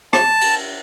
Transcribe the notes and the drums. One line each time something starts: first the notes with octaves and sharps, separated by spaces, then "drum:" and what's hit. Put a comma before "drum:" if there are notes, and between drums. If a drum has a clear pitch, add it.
A5, drum: rim click
drum: cymbal